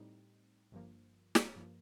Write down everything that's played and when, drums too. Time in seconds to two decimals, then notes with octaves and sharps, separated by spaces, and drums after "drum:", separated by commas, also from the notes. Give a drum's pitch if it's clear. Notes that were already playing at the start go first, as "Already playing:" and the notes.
Already playing: A2 G3 C4 D#4
0.72 G1 G2 F3 A#3
1.35 drum: snare
1.56 G2 F3 A#3